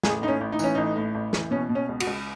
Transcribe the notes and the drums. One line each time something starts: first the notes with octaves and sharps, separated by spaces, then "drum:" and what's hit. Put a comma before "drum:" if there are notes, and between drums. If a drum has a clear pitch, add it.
A1 G#4, drum: snare
A2 D#4
C#4
A1
D#4
E3 C#4, drum: tambourine
A1 D#4
A2
A1
E3, drum: snare
B2 C#4
B2
C#4
C#2
F#4, drum: cymbal
C#2